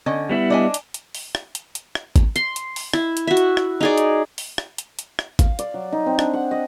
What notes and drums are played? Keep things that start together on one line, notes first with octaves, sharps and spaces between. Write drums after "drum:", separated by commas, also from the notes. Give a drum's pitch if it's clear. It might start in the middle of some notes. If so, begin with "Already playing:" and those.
D3 C#4 D#5
G3 B3 E4
D4 D#5 G#5
drum: hi-hat
drum: hi-hat
drum: open hi-hat
drum: rim click
drum: hi-hat
drum: hi-hat
drum: rim click
drum: kick G#1, hi-hat
C6, drum: hi-hat
drum: hi-hat
drum: open hi-hat
E4, drum: rim click
drum: hi-hat
F#4 E5
drum: hi-hat
drum: rim click
D#4 G#4 D5
drum: hi-hat
drum: open hi-hat
drum: rim click
drum: hi-hat
drum: hi-hat
drum: rim click
F5, drum: kick G#1, hi-hat
D5, drum: hi-hat
F#3
D#4
C4
D4, drum: rim click
F#5
D#5